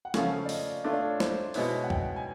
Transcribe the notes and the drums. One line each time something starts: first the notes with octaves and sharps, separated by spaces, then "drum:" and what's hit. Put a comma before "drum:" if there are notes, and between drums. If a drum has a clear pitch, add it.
F#5
C#3 F3 A3 C#4 F5, drum: snare
F5
D5
D#5, drum: open hi-hat
A3 D4 F4 C#5
D5
C#5
C5, drum: snare
B2 G#3 B3 E4 C#5, drum: open hi-hat
F#5
G5, drum: kick
G#5